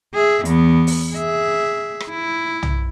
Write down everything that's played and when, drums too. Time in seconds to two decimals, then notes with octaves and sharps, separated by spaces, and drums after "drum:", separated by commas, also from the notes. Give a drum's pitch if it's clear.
0.14 G#4 E5
0.45 E2 B3, drum: hi-hat
0.87 drum: open hi-hat
1.14 G#4 E5
2.00 drum: rim click
2.10 E4
2.63 drum: tom